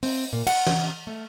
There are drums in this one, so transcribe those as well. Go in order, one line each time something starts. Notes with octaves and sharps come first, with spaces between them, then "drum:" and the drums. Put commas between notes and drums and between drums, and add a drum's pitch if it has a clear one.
C4, drum: open hi-hat
A#2
F#5, drum: cymbal
drum: tom E3
A3